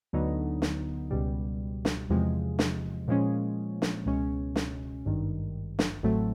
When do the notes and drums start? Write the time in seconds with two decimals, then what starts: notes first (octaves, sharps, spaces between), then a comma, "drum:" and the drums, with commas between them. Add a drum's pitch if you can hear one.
0.13 D2 D3 F#3 B3 D#4
0.62 drum: snare
1.11 C#2 B2 G3
1.85 drum: snare
2.10 E2 C3 F3 G#3
2.59 drum: snare
3.08 A#2 F3 G#3 C#4
3.82 drum: snare
4.06 C#2 B2 G#3 C#4
4.56 drum: snare
5.05 G#1 G2 D#3
5.79 drum: snare
6.03 A1 A2 F#3 A3 C4